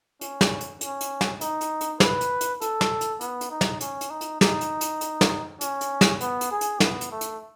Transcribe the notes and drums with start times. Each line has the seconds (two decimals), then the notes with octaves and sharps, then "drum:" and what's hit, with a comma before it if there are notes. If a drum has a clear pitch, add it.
0.21 C#4, drum: hi-hat
0.41 drum: snare
0.61 drum: hi-hat
0.81 C#4, drum: hi-hat
1.01 drum: hi-hat
1.21 drum: snare
1.41 D#4, drum: hi-hat
1.61 drum: hi-hat
1.81 drum: hi-hat
2.00 B4, drum: snare
2.21 drum: hi-hat
2.41 drum: hi-hat
2.61 A4, drum: hi-hat
2.81 drum: snare
3.01 drum: hi-hat
3.21 B3, drum: hi-hat
3.41 drum: hi-hat
3.51 D#4
3.61 drum: snare
3.81 C#4, drum: hi-hat
4.01 drum: hi-hat
4.10 D#4
4.21 drum: hi-hat
4.41 D#4, drum: snare
4.61 drum: hi-hat
4.81 drum: hi-hat
5.01 drum: hi-hat
5.21 drum: snare
5.61 C#4, drum: hi-hat
5.81 drum: hi-hat
6.01 drum: snare
6.21 B3, drum: hi-hat
6.41 drum: hi-hat
6.51 G#4
6.61 drum: hi-hat
6.80 B3, drum: snare
7.01 drum: hi-hat
7.12 A3
7.21 drum: hi-hat